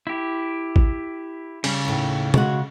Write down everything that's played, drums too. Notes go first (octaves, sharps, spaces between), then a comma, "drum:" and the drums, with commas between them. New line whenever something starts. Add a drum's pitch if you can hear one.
E4 G4
drum: kick G#1
C#3 G3 C#4, drum: cymbal
D#2 A2
G#3 F#4, drum: tom